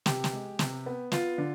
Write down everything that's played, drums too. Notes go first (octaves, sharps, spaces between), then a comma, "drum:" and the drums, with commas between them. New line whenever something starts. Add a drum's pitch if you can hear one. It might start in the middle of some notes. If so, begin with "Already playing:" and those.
C3 G4, drum: snare
drum: snare
G#3
C3, drum: snare
B3
B3 F4, drum: snare
D3